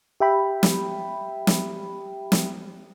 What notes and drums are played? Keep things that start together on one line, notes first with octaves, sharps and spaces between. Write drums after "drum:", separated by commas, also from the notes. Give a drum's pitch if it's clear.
G4 E5 G5 B5
drum: snare
drum: snare
drum: snare